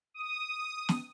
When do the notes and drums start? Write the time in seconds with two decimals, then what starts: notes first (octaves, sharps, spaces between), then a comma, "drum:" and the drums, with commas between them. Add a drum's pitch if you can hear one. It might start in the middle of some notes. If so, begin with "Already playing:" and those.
0.14 D#6
0.89 drum: snare